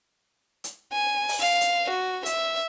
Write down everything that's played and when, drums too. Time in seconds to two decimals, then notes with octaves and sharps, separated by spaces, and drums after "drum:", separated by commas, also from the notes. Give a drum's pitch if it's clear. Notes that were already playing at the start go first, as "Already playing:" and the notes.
0.64 drum: hi-hat
0.92 G#5
1.29 drum: open hi-hat
1.39 F5
1.61 drum: hi-hat
1.90 F#4
2.26 E5, drum: hi-hat